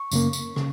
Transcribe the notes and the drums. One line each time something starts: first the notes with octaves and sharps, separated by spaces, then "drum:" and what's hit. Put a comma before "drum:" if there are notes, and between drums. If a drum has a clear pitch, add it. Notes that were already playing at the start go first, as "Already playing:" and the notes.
Already playing: C#6
F#2 C#3 A#3, drum: tambourine
drum: tambourine
C#3, drum: rim click